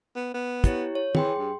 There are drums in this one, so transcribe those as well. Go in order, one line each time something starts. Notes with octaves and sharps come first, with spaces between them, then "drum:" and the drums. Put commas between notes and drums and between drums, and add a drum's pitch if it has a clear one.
B3
B3
E4 G4 C#5, drum: kick, hi-hat
C#5
E3 G#4 G5 C6, drum: tom
G2